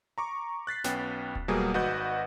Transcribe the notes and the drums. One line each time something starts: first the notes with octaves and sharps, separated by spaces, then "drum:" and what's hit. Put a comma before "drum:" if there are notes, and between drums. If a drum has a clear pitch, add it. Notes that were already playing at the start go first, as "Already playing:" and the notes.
A#5 C#6 D6
F#6 A6 B6 C7
B1 B3 C#4 G5, drum: snare
drum: kick D#1
B2 F#3 G3 A#3 G#4
G#1 F#4 B4 D#5 F#5 G6